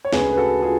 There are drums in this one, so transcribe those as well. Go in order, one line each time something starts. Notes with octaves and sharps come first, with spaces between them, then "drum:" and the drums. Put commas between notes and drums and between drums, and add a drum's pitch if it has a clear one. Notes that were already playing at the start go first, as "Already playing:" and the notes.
C#5
D2 C#3 G#3 G#4 B4, drum: snare
B4
F#4 A4
F4 G#4